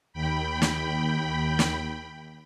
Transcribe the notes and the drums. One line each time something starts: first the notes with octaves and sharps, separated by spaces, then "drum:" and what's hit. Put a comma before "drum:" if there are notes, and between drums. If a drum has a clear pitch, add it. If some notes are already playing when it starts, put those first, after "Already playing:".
D#2 G5 B5
drum: snare
drum: snare